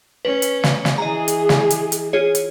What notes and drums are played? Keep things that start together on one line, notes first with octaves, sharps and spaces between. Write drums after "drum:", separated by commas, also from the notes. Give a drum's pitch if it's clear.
C#4 B4
drum: hi-hat
drum: snare
drum: snare
E3 G#4 D#5 A#5
drum: hi-hat
drum: snare
drum: hi-hat
drum: hi-hat
F4 G#4 C#5
drum: hi-hat